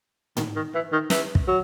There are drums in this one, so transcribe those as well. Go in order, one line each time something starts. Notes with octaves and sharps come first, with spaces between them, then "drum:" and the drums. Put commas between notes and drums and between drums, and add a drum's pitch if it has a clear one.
D#3, drum: tom
D#3
E3
D#3
E3, drum: snare
drum: kick
F#3